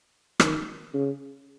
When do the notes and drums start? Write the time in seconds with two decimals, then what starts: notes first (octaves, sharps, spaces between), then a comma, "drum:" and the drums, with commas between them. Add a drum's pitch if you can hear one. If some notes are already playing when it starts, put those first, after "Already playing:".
0.40 D#3, drum: rim click
0.94 C#3